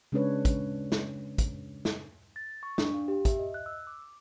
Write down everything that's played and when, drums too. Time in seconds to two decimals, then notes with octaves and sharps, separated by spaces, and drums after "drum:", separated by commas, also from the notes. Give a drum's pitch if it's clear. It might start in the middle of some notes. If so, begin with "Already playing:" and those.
0.12 C#3 G#3 C#4 D4 B4 C#5
0.45 drum: kick, hi-hat
0.92 drum: snare
1.38 drum: kick, hi-hat
1.85 drum: snare
2.36 A6
2.63 C#6
2.78 D4, drum: snare
2.94 F5
3.08 G4
3.25 E5, drum: kick, hi-hat
3.39 D#5
3.54 F#6
3.66 E6
3.87 D6